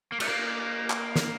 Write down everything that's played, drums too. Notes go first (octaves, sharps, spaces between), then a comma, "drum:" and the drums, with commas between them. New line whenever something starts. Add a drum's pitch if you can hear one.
A#3
A3, drum: cymbal
A#3
drum: clap
drum: snare